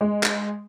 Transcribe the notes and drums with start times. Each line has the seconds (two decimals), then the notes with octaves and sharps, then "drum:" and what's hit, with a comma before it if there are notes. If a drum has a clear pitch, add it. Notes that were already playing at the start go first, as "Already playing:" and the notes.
0.01 G#3
0.23 drum: clap